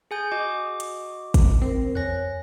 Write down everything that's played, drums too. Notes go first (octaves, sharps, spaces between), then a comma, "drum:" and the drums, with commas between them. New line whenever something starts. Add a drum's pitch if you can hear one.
G#4 G#5 G6
F#4 D#5 D6
drum: hi-hat
drum: kick, hi-hat
C4 A#4 C5
F2 C#5 G#5 F#6 A#6